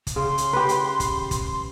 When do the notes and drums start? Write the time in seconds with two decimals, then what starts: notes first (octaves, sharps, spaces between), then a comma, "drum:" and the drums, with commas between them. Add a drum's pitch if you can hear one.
0.07 drum: kick, hi-hat
0.16 C#3 C6
0.38 drum: hi-hat
0.53 G4 B4
0.69 drum: hi-hat
1.00 drum: kick, hi-hat
1.31 drum: kick, hi-hat